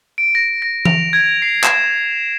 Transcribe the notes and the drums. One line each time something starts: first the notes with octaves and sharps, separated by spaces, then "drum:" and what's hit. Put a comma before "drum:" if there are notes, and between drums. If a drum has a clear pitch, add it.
D7
A#6
A#6
F7, drum: tom E3
G#6
C7
E7, drum: clap